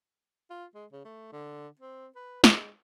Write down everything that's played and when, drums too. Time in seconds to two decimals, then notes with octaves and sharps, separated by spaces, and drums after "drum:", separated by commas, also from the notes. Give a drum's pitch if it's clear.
0.50 F4
0.75 G#3
0.92 C#3
1.05 A3
1.33 D3
1.80 C4
2.16 B4
2.44 G#3, drum: snare